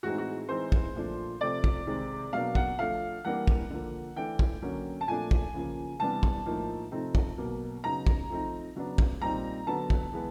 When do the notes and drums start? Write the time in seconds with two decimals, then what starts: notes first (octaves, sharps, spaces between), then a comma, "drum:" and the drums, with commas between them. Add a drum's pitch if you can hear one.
0.03 A2 E3 G#3 C4 D#4 F#4
0.18 F#4
0.49 E3 G#3 C4 D#4 C5
0.72 drum: kick
0.96 A#2 F3 A3 D4
1.41 C3 F3 A3 C4 D5
1.64 drum: kick
1.87 C3 D#3 G#3 C4
2.33 B2 F#3 A#3 D4 F5
2.55 F#5, drum: kick
2.79 F3 A3 D4 F5
3.25 E3 G3 A#3 D4 F#5
3.48 drum: kick
3.70 D3 F3 A#3
4.16 E3 A3 D4 G5
4.39 drum: kick
4.62 D3 F#3 A#3 C#4
5.01 A5
5.08 A#2 F3 A3 D4 G#5
5.31 drum: kick
5.54 C#3 F3 A#3
6.00 C3 E3 G3 B3 D4 A5
6.23 drum: kick
6.46 A2 F3 A#3 D#4
6.91 C3 F3 A3 C4 D#4
7.15 drum: kick
7.38 B2 F#3 A#3
7.83 C#3 F#3 B3 D#4 A#5
8.07 drum: kick
8.30 F3 A3 C4 D#4
8.76 C#3 F#3 B3 D4
8.98 drum: kick
9.22 A#2 G3 C4 D#4 A#5
9.67 D3 F#3 B3 A5
9.90 drum: kick
10.13 E3 G#3 B3